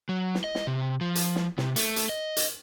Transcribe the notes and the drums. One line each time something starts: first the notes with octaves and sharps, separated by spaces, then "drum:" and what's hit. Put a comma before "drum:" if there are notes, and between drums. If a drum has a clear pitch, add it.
F#3
drum: snare
D#5
drum: snare
C3
F3
drum: hi-hat
drum: snare
C3, drum: snare
A3, drum: hi-hat
drum: hi-hat
D#5
drum: hi-hat